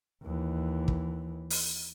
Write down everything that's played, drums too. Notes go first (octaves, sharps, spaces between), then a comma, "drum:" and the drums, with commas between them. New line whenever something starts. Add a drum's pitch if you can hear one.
D#2 E3
drum: kick
drum: open hi-hat